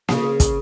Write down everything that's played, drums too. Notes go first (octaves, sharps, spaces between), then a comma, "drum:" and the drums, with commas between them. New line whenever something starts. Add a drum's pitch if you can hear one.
C#3, drum: snare A#3
drum: kick, hi-hat